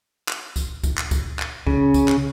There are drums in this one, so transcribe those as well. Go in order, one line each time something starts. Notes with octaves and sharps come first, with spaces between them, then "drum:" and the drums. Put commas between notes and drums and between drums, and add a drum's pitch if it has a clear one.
drum: clap
drum: kick C#2, tambourine
drum: kick C#2, tambourine
drum: clap
drum: kick C#2, tambourine
drum: clap
C#3, drum: kick C#2
drum: kick C#2, tambourine
drum: clap